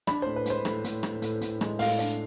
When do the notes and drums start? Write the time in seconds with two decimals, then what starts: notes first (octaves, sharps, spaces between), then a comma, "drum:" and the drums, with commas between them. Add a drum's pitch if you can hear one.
0.07 D4 B5, drum: rim click
0.22 A2 C5
0.36 B4
0.46 G#3 C5, drum: hi-hat
0.65 A2, drum: rim click
0.84 A2, drum: hi-hat
1.03 A2, drum: rim click
1.22 A2, drum: hi-hat
1.41 A2, drum: hi-hat
1.61 G#3, drum: rim click
1.79 A2 F5, drum: open hi-hat
1.98 D4, drum: hi-hat